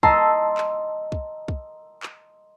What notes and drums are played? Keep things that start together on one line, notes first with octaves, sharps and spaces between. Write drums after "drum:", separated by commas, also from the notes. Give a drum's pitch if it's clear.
D#5 A5 A#5 C6 E6, drum: kick
drum: clap
drum: kick
drum: kick
drum: clap